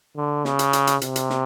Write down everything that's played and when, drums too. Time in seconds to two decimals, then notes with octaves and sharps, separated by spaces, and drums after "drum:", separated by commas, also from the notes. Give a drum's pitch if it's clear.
0.16 D3
0.45 C#3, drum: snare
0.59 drum: hi-hat
0.73 drum: hi-hat
0.87 drum: hi-hat
1.02 C3, drum: hi-hat
1.16 drum: hi-hat
1.30 drum: snare